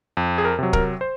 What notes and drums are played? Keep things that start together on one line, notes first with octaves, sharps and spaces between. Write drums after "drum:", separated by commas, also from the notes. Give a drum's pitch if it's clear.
F2
G#4
A#4
C3 F#3
A#4, drum: kick
C5